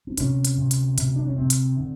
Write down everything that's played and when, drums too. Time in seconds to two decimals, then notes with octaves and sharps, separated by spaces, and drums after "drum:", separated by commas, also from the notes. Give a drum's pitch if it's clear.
0.07 C4
0.17 D2 C3 C#4, drum: hi-hat
0.45 drum: hi-hat
0.58 D2 C3
0.71 drum: hi-hat
0.98 D2 C3, drum: hi-hat
1.16 D4
1.27 C#4
1.36 D2 C3 C4
1.50 drum: hi-hat
1.80 D3